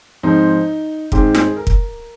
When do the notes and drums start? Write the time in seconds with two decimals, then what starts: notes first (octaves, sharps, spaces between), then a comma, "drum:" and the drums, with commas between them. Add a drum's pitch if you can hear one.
0.23 G#2 F3 C4 D#4
1.12 G#2 D#3 G#3 C4 G4, drum: kick
1.35 G#4, drum: snare
1.56 A#4
1.67 drum: kick